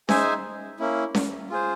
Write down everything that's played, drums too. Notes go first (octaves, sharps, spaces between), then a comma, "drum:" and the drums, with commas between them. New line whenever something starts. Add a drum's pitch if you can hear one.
D#4 G#4 C5 E5 G#5, drum: snare C#4
A#3 C#4 E4
drum: snare C#4
F4 G#4 C5